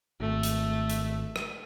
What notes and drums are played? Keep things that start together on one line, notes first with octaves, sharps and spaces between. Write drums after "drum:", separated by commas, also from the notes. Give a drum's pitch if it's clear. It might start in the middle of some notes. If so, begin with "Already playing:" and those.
G#1 A3
drum: hi-hat
drum: hi-hat
drum: rim click